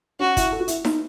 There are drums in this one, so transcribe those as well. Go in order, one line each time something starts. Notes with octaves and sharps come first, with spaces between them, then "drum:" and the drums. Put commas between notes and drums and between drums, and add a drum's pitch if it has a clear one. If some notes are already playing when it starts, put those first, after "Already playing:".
C#4 F#4
E4, drum: kick, hi-hat
A4
F#4
E4, drum: hi-hat
D#4, drum: snare E4